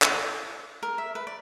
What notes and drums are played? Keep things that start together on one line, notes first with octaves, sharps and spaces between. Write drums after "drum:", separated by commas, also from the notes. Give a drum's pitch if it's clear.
drum: clap
A#4
E5
B4
D5